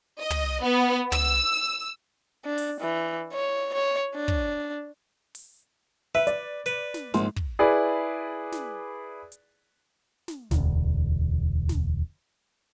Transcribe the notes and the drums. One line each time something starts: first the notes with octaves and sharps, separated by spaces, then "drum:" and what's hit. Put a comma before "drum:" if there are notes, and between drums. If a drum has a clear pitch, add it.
D#5
drum: tom
B3
E6, drum: tom
D4
drum: open hi-hat
E3
C#5
C#5
D4
drum: kick
drum: open hi-hat
B4 E5
D5, drum: hi-hat
B4, drum: hi-hat
drum: snare
A#1 G#2 C6, drum: snare
drum: kick
E4 G#4 B4 D5
drum: snare
drum: hi-hat
drum: snare
E1 D2, drum: snare
drum: snare